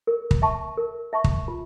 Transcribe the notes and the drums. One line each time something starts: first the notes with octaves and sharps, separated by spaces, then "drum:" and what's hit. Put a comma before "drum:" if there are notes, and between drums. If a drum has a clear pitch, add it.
A#4
drum: kick
E5 A5 C#6
A#4
E5 A5 C#6
drum: kick
F4